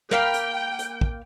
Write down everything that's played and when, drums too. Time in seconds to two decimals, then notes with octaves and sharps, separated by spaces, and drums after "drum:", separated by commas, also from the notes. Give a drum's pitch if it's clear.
0.11 A#3 F5 G5 B5, drum: snare
0.34 drum: hi-hat
0.79 drum: hi-hat
1.01 drum: kick